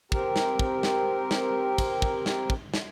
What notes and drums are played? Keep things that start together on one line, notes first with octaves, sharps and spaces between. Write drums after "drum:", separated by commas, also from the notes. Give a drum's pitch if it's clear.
C4 G4 A#4, drum: kick
drum: snare
drum: kick
drum: snare
drum: snare
drum: kick, cymbal
drum: kick
drum: snare
drum: kick
drum: snare